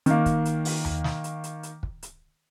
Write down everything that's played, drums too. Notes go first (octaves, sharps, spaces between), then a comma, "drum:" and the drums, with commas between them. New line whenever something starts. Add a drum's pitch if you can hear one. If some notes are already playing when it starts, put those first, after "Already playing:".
D#3 A#3, drum: hi-hat
drum: kick, hi-hat
drum: hi-hat
drum: open hi-hat
drum: tom D#2
drum: snare
drum: hi-hat
drum: hi-hat
drum: hi-hat
drum: kick
drum: hi-hat